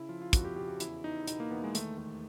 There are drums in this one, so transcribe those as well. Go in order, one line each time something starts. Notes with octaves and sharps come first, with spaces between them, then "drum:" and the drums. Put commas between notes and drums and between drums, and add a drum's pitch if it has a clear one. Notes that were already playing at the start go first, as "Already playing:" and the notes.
Already playing: C#3 E4
F3 F4
F4
F2 F#4, drum: kick, hi-hat
G4
C#3 G4
F#4
E2 E4, drum: hi-hat
E2 D#4
B2 D#4, drum: hi-hat
A#3
E2 B3
G#3
D#3 A3, drum: hi-hat
D#2 A3